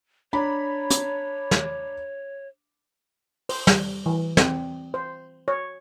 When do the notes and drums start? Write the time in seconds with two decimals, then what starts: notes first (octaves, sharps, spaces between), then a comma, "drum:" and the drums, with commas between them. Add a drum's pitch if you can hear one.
0.33 D4 C#5 A#5 B5
0.90 drum: hi-hat
1.51 drum: snare
3.49 C5, drum: open hi-hat
3.67 G3, drum: snare
4.06 E3
4.37 C4, drum: snare
4.94 C5
5.48 C#5